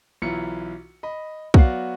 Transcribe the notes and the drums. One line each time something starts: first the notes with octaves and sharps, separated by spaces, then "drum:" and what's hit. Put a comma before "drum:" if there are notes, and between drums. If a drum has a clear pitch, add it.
B1 E3 E4 F4 C#7
D#5 B5
F#3 B3 F#4 D5 F5, drum: kick